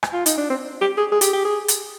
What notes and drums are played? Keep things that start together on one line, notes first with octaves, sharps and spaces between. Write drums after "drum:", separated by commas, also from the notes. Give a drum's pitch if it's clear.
drum: rim click
F4
D#4, drum: hi-hat
D4
C4
G4
G#4
G#4
G4, drum: hi-hat
G4
G#4
drum: hi-hat